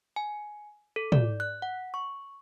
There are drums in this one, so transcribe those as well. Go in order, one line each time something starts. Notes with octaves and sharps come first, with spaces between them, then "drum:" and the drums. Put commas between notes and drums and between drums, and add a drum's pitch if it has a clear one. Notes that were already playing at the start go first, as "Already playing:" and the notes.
G#5
A4
D5, drum: tom
F#6
F#5
C#6